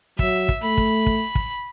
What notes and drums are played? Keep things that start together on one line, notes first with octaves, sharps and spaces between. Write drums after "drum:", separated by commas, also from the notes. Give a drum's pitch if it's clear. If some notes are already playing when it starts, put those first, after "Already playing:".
F#3 E5, drum: kick
drum: kick
A3 B5
drum: kick
drum: kick
drum: kick